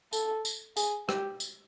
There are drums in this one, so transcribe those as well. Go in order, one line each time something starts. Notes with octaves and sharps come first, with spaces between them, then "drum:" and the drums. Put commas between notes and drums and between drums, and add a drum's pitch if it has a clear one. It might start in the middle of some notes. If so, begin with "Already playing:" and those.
A4, drum: tambourine
drum: tambourine
G#4, drum: tambourine
G4, drum: rim click
drum: tambourine